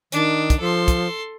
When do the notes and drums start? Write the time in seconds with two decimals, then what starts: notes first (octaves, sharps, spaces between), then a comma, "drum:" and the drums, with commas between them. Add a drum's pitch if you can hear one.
0.12 D#3 D4, drum: hi-hat
0.50 drum: kick, hi-hat
0.60 F3 A4 C6
0.88 drum: kick, hi-hat